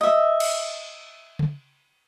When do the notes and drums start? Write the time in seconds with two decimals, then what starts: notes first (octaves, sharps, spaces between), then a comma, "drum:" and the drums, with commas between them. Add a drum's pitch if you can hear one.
0.01 D#5 E5
0.40 drum: cymbal
1.39 drum: tom C#3